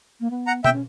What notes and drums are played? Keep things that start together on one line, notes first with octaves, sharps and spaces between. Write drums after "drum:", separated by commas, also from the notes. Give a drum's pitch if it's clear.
A#3
B3
F#5 A#5
B3 E5 G5, drum: tom B2
C#4